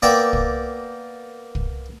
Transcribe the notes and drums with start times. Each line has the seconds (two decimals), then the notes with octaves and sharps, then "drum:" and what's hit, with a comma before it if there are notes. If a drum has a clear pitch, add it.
0.02 A#3 B3 D5 E5 G5 A5
0.33 drum: kick
1.55 drum: kick